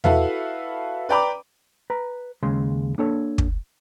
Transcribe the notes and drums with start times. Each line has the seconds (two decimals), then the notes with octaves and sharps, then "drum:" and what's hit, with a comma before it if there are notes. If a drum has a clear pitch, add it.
0.04 E4 F#4 A4 B4 E5 F5, drum: tom E2
1.09 B4 D5 G5 A#5 B5 D6
1.90 B4 A#5
2.43 D#2 C#3 G#3 C6
2.98 A#3 D4 A4 C#5
3.38 drum: kick